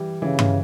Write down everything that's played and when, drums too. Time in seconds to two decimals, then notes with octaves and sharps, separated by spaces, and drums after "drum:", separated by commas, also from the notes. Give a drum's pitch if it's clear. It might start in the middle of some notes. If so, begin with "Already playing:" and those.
Already playing: E3 G3
0.22 C#3 E3
0.39 drum: tom G2